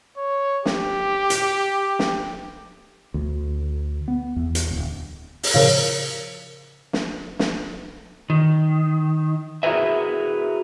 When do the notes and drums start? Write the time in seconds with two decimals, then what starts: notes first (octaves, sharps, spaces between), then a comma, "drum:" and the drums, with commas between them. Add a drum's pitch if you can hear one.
0.18 C#5
0.66 G4, drum: snare
1.30 drum: hi-hat
1.99 drum: snare
3.14 D2
4.08 B3
4.36 E2
4.55 drum: hi-hat
4.71 D1
5.43 drum: open hi-hat
5.54 A2 C#3 F3 A#4 C#5 F5
6.93 drum: snare
7.39 drum: snare
8.30 D#3
9.63 E4 F#4 G#4 A#4 B4 E5